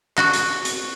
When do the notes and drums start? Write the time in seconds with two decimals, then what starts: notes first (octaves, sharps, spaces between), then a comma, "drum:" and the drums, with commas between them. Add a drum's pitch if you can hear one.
0.18 F#4, drum: clap
0.33 drum: hi-hat
0.65 drum: hi-hat